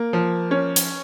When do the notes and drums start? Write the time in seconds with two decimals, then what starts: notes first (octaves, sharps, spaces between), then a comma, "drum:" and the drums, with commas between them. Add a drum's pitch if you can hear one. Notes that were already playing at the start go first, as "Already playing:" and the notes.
Already playing: A#3
0.13 F3
0.51 C#4
0.76 drum: hi-hat